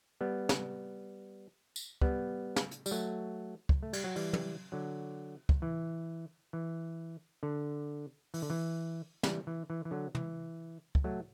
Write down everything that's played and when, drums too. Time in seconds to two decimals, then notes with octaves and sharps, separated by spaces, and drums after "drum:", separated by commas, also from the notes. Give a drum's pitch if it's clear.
0.21 G3 B3
0.49 drum: snare
1.76 drum: tambourine
2.01 G3 B3, drum: kick
2.56 drum: snare
2.71 drum: hi-hat
2.86 G3, drum: tambourine
2.91 F#3 A3
3.69 drum: kick
3.83 A3
3.93 G3, drum: cymbal
4.04 F#3
4.16 E3 G3, drum: open hi-hat
4.33 drum: tom
4.72 D3 F#3
5.49 drum: kick
5.62 E3
6.53 E3
7.43 D3
8.34 E3, drum: open hi-hat
8.42 D3
8.50 E3
9.23 E3 G3, drum: snare
9.47 E3
9.70 E3
9.85 E3
9.91 D3 F#3
10.15 E3, drum: tom
10.95 drum: kick
11.04 F#3 A3